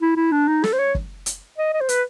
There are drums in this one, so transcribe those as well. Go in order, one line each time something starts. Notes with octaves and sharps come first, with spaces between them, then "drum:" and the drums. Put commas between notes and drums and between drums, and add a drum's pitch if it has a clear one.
E4
E4
D4
D#4
A4, drum: snare
C5
C#5
drum: kick
drum: hi-hat
D#5
D#5
C5
B4, drum: hi-hat